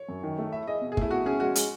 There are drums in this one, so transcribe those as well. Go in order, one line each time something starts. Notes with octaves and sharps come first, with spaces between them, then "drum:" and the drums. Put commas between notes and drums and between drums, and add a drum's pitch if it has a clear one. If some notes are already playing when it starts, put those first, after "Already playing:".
Already playing: C#5
F#2
D#3
A3
E4 E5
G#4 D#5
B2
G#4
A3 E4, drum: kick
B2 F#4
C#4 G#4
G#3 F#4
G#3, drum: hi-hat